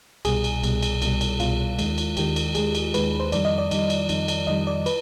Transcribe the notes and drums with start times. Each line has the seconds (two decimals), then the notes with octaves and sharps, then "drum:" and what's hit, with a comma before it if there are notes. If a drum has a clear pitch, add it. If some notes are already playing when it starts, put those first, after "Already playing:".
0.25 C2 B2 G3 G#4, drum: cymbal
0.44 drum: cymbal
0.63 C2 B2 G3, drum: cymbal
0.83 drum: cymbal
1.02 C2 B2 G3, drum: cymbal
1.21 drum: cymbal
1.40 C2 B2 G3 F4, drum: cymbal
1.79 D#2 D#3 G#3, drum: cymbal
1.98 drum: cymbal
2.17 D#2 D#3 G#3 G4, drum: cymbal
2.36 drum: cymbal
2.55 D#2 D#3 G#3 G#4, drum: cymbal
2.75 drum: cymbal
2.94 D#2 D#3 G#3 B4, drum: cymbal
3.20 C5
3.32 F2 D#3 G3 D5, drum: cymbal
3.45 D#5
3.58 D5
3.71 F2 D#3 G3, drum: cymbal
3.90 drum: cymbal
4.09 F2 D#3 G3, drum: cymbal
4.28 drum: cymbal
4.47 F2 D#3 G3 D#5
4.67 D5
4.86 B4, drum: cymbal